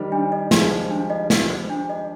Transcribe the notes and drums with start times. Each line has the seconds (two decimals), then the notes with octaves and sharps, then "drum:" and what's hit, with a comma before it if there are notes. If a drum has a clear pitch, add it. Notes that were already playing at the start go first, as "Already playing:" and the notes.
Already playing: D#3 G3 C5
0.12 D4
0.32 D#5
0.51 F3 G#3 G4, drum: snare
0.72 C5
0.90 D4
1.10 D#5
1.30 G4, drum: snare
1.50 C5
1.70 D4
1.89 D#5